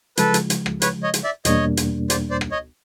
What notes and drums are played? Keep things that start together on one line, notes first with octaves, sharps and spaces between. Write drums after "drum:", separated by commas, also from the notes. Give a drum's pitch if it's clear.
C#3 F3 G#3 A4 B4, drum: hi-hat
drum: hi-hat
drum: hi-hat
drum: rim click
B4 C#5, drum: hi-hat
C#5 D#5
drum: hi-hat
D5 E5
E2 B2 G3 A#3 D4 C#5 D#5, drum: hi-hat
drum: hi-hat
C5 D5, drum: hi-hat
C5 D5
drum: rim click
C#5 D#5